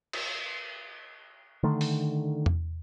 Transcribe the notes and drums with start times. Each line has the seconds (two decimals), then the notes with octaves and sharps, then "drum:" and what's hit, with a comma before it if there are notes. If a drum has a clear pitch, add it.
0.13 drum: cymbal
1.63 D3 D#3 A3
1.81 drum: open hi-hat
2.46 drum: tom E2